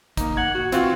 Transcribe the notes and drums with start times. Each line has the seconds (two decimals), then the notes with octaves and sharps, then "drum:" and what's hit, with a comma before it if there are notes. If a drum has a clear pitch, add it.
0.17 D#3 A#3 D#4, drum: kick, hi-hat
0.37 F#5 G#6
0.55 F#4
0.72 E3 C4 F4 F#4, drum: hi-hat